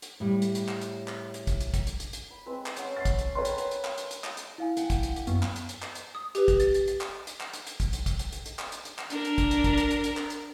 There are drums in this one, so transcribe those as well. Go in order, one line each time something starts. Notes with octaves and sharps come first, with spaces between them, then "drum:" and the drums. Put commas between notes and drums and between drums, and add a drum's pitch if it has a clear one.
drum: hi-hat
A2 G3
drum: hi-hat
drum: hi-hat
drum: clap
drum: hi-hat
drum: clap
drum: hi-hat
drum: kick, hi-hat
drum: hi-hat
drum: kick, hi-hat
drum: hi-hat
drum: hi-hat
drum: hi-hat
B5
G#3 C4 B4
drum: clap
C#4 F#5 C6, drum: hi-hat
E5 A6 C7
drum: kick, hi-hat
drum: hi-hat
A#4 B4 C#5 G5 G#5 C6
drum: hi-hat
drum: hi-hat
drum: hi-hat
drum: clap
drum: hi-hat
drum: hi-hat
drum: clap
drum: hi-hat
E4 F5 G#5
F#5 G5, drum: hi-hat
drum: kick, hi-hat
drum: hi-hat
drum: hi-hat
F#2 B3, drum: hi-hat
drum: clap
drum: hi-hat
drum: hi-hat
drum: clap
drum: hi-hat
D#6
G4 B4, drum: hi-hat
drum: kick, hi-hat
A6, drum: hi-hat
drum: hi-hat
drum: hi-hat
drum: clap
drum: hi-hat
drum: clap
drum: hi-hat
drum: hi-hat
drum: kick, hi-hat
drum: hi-hat
drum: kick, hi-hat
drum: hi-hat
drum: hi-hat
drum: hi-hat
drum: clap
drum: hi-hat
drum: hi-hat
drum: clap
D4 A#4, drum: hi-hat
drum: hi-hat
drum: kick, hi-hat
drum: hi-hat
drum: kick, hi-hat
drum: hi-hat
drum: hi-hat
drum: hi-hat
drum: clap
drum: hi-hat